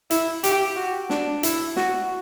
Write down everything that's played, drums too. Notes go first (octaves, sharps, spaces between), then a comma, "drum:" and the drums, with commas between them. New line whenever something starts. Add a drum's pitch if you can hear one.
E4, drum: hi-hat
G4, drum: hi-hat
F#4
D4, drum: snare
E4, drum: hi-hat
F#4, drum: snare